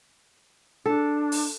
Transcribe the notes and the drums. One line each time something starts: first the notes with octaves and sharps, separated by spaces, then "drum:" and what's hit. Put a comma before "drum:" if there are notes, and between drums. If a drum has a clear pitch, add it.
D4 A4
drum: open hi-hat